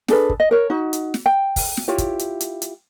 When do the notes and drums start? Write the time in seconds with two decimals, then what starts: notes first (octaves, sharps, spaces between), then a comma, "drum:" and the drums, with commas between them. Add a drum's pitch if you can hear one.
0.08 D4 G#4 A4 B4, drum: snare
0.29 drum: kick
0.40 D#5
0.51 A#4 C#5
0.70 D#4 F#4
0.93 drum: hi-hat
1.14 drum: snare
1.26 G5
1.56 drum: kick, open hi-hat
1.77 drum: snare
1.88 E4 F4 G4 C#5
1.98 drum: kick, hi-hat
2.19 drum: hi-hat
2.41 drum: hi-hat
2.62 drum: hi-hat